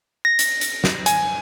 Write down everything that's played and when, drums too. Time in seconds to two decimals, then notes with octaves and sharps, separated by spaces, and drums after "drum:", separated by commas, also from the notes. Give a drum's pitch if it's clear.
0.25 A#6
0.39 drum: hi-hat
0.61 drum: hi-hat
0.84 drum: snare
1.06 G#5, drum: hi-hat